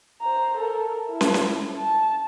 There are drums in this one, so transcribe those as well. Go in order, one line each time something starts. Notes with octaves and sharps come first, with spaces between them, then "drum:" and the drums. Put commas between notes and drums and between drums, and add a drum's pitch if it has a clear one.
C5 A#5
A4 A#4
E4
drum: snare
drum: snare
A5